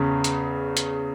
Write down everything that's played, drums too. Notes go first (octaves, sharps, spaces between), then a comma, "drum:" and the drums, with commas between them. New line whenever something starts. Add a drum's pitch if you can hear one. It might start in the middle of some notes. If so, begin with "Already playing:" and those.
Already playing: E2 C#3
drum: hi-hat
drum: hi-hat